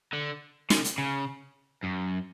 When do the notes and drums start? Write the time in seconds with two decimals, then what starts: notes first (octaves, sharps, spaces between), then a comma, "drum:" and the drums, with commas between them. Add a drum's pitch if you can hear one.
0.13 D3
0.70 C#3, drum: snare
0.84 drum: hi-hat
0.98 C#3
1.84 F#2